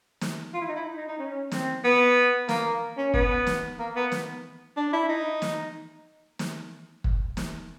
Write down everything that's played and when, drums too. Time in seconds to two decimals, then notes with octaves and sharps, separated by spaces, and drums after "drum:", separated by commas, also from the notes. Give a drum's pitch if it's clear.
0.21 drum: snare
0.54 F4
0.61 E4
0.68 D#4
0.76 E4
0.86 D#4
0.97 D#4
1.08 D#4
1.19 C#4
1.52 C4, drum: snare
1.84 B3
2.49 A#3, drum: snare
2.97 C#4
3.14 B3, drum: kick
3.47 drum: snare
3.79 A#3
3.96 B3
4.12 drum: snare
4.77 D4
4.93 E4
5.09 D#4
5.42 drum: snare
6.39 drum: snare
7.04 drum: kick
7.37 drum: snare